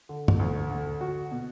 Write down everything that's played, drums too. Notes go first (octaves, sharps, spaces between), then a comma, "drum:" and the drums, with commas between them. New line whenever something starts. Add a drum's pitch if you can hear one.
D3
drum: tom
D2
D3
F#4
B2